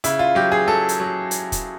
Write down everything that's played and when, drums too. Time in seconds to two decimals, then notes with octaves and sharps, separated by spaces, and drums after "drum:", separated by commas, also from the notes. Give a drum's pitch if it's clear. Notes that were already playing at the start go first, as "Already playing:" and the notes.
0.04 C#3 E4, drum: hi-hat
0.19 F4
0.35 F#3 G4
0.52 G#4
0.67 F#3 A4
0.89 drum: hi-hat
1.00 F#3
1.31 drum: hi-hat
1.52 drum: kick, hi-hat